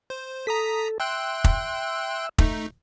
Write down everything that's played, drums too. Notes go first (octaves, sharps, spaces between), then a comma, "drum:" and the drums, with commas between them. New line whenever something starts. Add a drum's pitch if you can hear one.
C5
A4 A#5 D#6 B6
E5 G5 C6 F#6
drum: kick
A3 D#4, drum: kick